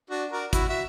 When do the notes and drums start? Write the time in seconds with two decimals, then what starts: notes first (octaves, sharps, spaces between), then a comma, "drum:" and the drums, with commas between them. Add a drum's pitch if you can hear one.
0.10 D4 F#4
0.32 F#4 A#4 D5
0.53 E4 F#4, drum: kick, hi-hat
0.69 F#4 E5